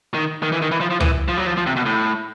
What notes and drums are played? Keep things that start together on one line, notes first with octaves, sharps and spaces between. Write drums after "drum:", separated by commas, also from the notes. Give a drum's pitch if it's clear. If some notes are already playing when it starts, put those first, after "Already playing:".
D#3
D#3
E3
D#3
E3
F3
F3
E3, drum: tom C#2
F3
F#3
F3
F3
C3
B2
A2